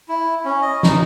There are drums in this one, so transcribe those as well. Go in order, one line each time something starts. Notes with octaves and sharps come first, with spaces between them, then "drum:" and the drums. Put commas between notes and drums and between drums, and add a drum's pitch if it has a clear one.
E4
C#4
D#5
D#4, drum: snare